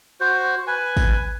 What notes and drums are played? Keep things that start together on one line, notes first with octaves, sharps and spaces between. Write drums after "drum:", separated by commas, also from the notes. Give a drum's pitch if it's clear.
F#4 C5
B4 G#5
drum: kick, tambourine